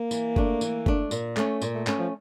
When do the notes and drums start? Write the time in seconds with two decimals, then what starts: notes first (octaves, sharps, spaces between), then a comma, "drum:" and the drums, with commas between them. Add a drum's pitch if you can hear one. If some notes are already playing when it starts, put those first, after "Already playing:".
Already playing: A#3
0.11 E3, drum: tambourine
0.36 A3 D4, drum: kick F#1
0.61 E3, drum: tambourine
0.86 A3 D4, drum: kick F#1
1.11 A#2, drum: tambourine
1.37 A3 C#4, drum: clap
1.62 A#2, drum: tambourine
1.74 A3
1.87 A3 C#4, drum: clap
1.99 F3